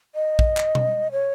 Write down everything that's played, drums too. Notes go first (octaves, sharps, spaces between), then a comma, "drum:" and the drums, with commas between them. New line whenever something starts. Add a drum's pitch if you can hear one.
D#5
drum: kick A#1
drum: clap
drum: tom B2
C#5